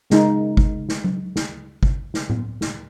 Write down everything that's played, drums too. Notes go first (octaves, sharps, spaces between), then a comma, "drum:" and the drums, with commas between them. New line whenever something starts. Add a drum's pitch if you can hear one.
C#3 G#3 D#4, drum: snare
drum: kick G1
drum: snare
drum: tom F#3
drum: snare
drum: kick G1
drum: snare
drum: tom A2
drum: snare